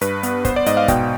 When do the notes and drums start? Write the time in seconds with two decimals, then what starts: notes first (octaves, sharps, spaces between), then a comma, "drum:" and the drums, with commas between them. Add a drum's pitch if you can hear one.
0.01 G2 B4, drum: hi-hat
0.23 B3, drum: hi-hat
0.45 B3 C5, drum: kick, hi-hat
0.56 D5
0.66 G#2 D#5, drum: hi-hat
0.77 F5
0.88 B2 G5, drum: kick, hi-hat